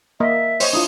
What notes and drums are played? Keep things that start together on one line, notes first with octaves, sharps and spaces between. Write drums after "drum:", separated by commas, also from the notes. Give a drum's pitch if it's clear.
A#3 A#4 D#5 E5
C5 C#5 D#5, drum: open hi-hat
D4 E4 F4 D#6